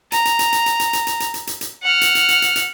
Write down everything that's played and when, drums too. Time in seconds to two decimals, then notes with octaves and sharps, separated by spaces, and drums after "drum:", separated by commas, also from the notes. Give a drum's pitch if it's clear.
0.12 A#5, drum: hi-hat
0.25 drum: hi-hat
0.39 drum: hi-hat
0.53 drum: hi-hat
0.66 drum: hi-hat
0.80 drum: hi-hat
0.93 drum: hi-hat
1.07 drum: hi-hat
1.20 drum: hi-hat
1.34 drum: hi-hat
1.47 drum: hi-hat
1.61 drum: hi-hat
1.83 F#5 F6
2.01 drum: hi-hat
2.15 drum: hi-hat
2.29 drum: hi-hat
2.42 drum: hi-hat
2.56 drum: hi-hat